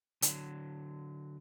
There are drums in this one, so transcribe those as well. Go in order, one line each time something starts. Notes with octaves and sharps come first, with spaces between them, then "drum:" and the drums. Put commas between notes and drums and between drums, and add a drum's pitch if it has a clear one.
D3 F#3, drum: hi-hat